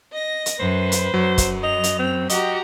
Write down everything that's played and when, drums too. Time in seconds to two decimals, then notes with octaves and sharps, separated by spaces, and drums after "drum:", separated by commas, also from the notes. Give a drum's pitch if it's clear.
0.12 D#5 A#6
0.46 drum: hi-hat
0.59 F#2 B4 C5
0.92 drum: hi-hat
1.14 F#2 F#3
1.38 drum: kick, hi-hat
1.63 D#5 F7
1.84 drum: hi-hat
1.99 C4
2.29 F#4 G4 D#5 A#5, drum: hi-hat